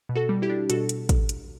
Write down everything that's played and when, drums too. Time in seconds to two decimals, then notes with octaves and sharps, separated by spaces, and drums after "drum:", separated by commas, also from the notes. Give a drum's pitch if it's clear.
0.09 B2
0.16 F#4 A4
0.29 G3
0.42 E4 G4
0.50 D4
0.70 B2 F#4 A4, drum: hi-hat
0.89 drum: hi-hat
1.09 drum: kick, hi-hat
1.29 drum: hi-hat